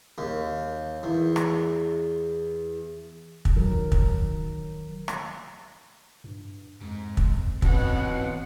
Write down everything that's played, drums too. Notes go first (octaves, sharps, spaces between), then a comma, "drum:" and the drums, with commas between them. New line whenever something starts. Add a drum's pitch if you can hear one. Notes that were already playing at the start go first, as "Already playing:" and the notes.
D#2
E2
drum: rim click
drum: kick
D#3 F#3 A#4
drum: kick
drum: rim click
G2
F2 G#2
drum: kick
G#2 B2 E3 C4 C#4 F#5, drum: kick